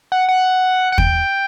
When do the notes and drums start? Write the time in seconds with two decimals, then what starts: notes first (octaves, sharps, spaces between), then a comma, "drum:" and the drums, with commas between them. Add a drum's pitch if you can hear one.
0.12 F#5
0.29 F#5
0.92 F#5
0.98 G5, drum: kick